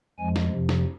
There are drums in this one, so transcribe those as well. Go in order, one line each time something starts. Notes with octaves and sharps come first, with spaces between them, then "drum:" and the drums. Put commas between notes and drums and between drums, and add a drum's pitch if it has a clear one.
F2 F3 G#3 G#5
drum: snare
F2 C3 F3
drum: snare